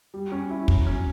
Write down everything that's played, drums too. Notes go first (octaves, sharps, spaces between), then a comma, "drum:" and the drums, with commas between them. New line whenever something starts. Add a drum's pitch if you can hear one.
G3
C#4
E4
F#3, drum: kick
C#4